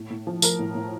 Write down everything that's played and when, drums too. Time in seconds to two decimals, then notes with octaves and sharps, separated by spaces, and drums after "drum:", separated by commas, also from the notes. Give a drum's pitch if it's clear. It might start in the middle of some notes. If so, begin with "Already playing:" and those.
Already playing: A2
0.10 A2
0.27 F3
0.42 F3 A#4, drum: tambourine
0.59 A2
0.75 A2